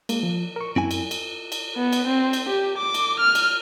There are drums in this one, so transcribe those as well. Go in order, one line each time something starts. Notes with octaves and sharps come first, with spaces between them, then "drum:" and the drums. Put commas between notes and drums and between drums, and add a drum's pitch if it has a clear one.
G#3 A#3, drum: cymbal
F3
A#4 C#6
F#2 C4 E4 G#5
drum: cymbal
drum: cymbal
drum: cymbal
B3
drum: cymbal
C4
drum: cymbal
G4
D6
drum: cymbal
F6
drum: cymbal